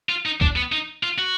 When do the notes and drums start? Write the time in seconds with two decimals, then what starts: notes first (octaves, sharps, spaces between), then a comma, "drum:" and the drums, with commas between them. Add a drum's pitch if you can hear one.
0.09 F4
0.26 D#4
0.41 D4, drum: kick C2
0.56 B3
0.72 D#4
1.03 F4
1.18 F#4